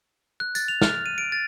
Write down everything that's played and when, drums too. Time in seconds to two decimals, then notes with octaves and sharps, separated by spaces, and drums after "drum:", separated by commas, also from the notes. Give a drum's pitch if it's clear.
0.40 F#6
0.55 A6, drum: tambourine
0.68 F7
0.82 F6, drum: snare
1.06 D#7
1.18 D7
1.32 A6